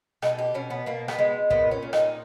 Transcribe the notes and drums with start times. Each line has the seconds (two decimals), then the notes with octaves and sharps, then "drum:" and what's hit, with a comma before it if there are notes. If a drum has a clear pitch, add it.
0.22 B2 D#4, drum: rim click
0.39 G4
0.54 B2 C#4
0.70 B3
0.86 B2 A#3
1.08 B3, drum: rim click
1.19 G#3
1.50 A#2 B3, drum: kick
1.71 C#4
1.83 A#2
1.93 D#4, drum: rim click